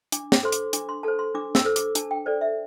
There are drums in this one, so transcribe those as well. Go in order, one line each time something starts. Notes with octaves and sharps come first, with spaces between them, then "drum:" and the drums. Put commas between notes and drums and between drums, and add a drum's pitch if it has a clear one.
D4 D6, drum: hi-hat
D6, drum: snare
A4 C5 C6
D6, drum: hi-hat
D4 D6, drum: hi-hat
C6
A4 C5 A5
C6
D4 D6
E6, drum: snare
A4 C5
D6, drum: hi-hat
D4 A5, drum: hi-hat
G5
A4 C5 D5
E5